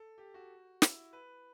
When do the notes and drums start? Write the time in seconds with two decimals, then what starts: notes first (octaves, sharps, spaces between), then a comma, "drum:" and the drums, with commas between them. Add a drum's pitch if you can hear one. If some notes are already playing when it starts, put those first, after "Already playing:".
Already playing: A4
0.18 G4
0.34 F#4
0.82 E4, drum: snare
1.13 B4